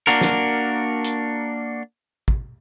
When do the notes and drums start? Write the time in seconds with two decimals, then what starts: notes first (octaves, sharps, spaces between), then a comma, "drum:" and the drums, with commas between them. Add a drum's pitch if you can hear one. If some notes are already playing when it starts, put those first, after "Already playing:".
0.07 A#3 D4 F#4 A#4, drum: hi-hat
0.21 drum: snare
1.04 drum: hi-hat
2.28 drum: kick